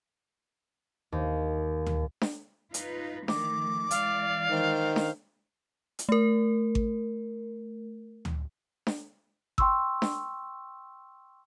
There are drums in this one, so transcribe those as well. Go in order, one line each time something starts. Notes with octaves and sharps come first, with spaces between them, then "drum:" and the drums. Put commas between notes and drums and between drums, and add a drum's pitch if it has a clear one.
D#2
drum: tom D2
drum: snare D4
D#4 F4 B4, drum: hi-hat
D#3 F3 A3 D6, drum: snare D4
E3 G#3 D5 F5, drum: hi-hat
D#3 C5
drum: snare D4
drum: hi-hat
A3 A#4
drum: kick G#1
drum: tom D2
drum: snare D4
G5 C6 C#6 E6, drum: kick G#1
drum: snare D4